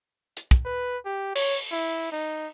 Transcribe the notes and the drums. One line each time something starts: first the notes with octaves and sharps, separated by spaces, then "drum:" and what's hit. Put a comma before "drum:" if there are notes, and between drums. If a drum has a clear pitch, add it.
drum: hi-hat
drum: kick
B4
G4
C#5, drum: cymbal
E4
D#4